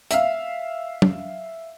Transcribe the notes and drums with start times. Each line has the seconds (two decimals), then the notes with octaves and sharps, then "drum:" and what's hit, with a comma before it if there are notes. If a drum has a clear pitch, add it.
0.11 E5 F5, drum: hi-hat
1.02 drum: tom F#3